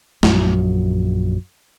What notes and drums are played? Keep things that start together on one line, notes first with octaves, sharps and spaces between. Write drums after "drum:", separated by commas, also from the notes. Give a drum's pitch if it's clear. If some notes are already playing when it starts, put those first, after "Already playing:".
A#1 F#2 F#3, drum: snare